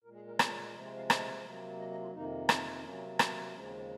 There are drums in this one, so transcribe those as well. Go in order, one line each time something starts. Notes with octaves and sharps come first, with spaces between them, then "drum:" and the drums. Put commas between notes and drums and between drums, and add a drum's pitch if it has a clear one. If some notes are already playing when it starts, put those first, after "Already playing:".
A#2 G#3 A#4
G#4
A#4
C5, drum: rim click
C#5
D#5
C3 F3 G#3 D#5
C5
F5
D#5, drum: rim click
C3 F#3 A#3
D#5
D#5
F4
F2 C3 D#3 A#3 D#4
C#4, drum: rim click
C3 F#3 A#3 C#4
drum: rim click
D#2 C#3 F3 G#3 C#4
C4
C4